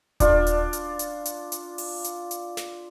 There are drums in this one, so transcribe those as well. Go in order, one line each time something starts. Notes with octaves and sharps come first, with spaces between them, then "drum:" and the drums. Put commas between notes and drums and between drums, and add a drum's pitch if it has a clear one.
D4 F4, drum: kick D#1, hi-hat
drum: hi-hat
drum: hi-hat
drum: hi-hat
drum: hi-hat
drum: hi-hat
drum: open hi-hat
drum: hi-hat
drum: hi-hat
drum: snare